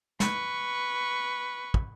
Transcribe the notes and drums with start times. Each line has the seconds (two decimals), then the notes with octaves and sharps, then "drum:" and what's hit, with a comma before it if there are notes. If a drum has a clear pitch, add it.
0.20 B4 C#6, drum: snare
1.74 drum: kick